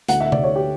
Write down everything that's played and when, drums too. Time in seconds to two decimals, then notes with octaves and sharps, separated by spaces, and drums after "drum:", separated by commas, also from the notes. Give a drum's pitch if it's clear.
0.09 D2 D3 F#5, drum: hi-hat
0.20 E5
0.32 D5, drum: tom C3
0.43 C#5
0.56 G4